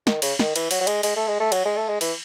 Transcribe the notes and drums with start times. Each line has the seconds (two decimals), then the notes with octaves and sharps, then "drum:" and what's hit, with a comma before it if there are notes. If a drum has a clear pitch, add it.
0.07 D#3, drum: snare
0.22 C#3, drum: cymbal
0.39 D#3, drum: snare
0.56 E3, drum: cymbal
0.71 F#3, drum: cymbal
0.81 F#3
0.87 G#3, drum: cymbal
1.03 G#3, drum: cymbal
1.16 A3
1.28 G#3
1.40 A3
1.52 F#3, drum: cymbal
1.65 G#3
1.77 A3
1.88 G#3
2.01 E3, drum: cymbal